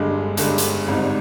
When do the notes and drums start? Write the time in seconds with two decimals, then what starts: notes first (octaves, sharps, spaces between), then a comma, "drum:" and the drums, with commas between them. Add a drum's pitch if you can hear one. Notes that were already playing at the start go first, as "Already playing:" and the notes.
Already playing: G1 G2 D3 G#3
0.37 G1 G2 D3 G#3, drum: hi-hat
0.58 drum: hi-hat
0.87 G#1 G#2 G3 C4 D#4